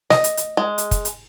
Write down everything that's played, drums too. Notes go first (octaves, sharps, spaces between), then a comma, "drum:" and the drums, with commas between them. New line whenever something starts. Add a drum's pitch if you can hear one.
D#5, drum: snare
drum: hi-hat
drum: hi-hat
G#3
drum: hi-hat
drum: kick, hi-hat
drum: hi-hat